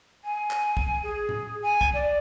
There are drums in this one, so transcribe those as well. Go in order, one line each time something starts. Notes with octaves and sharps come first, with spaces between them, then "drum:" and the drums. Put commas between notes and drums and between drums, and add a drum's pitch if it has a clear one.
G#5
drum: clap
drum: kick
G#4
drum: tom A2
G#5
drum: kick
D5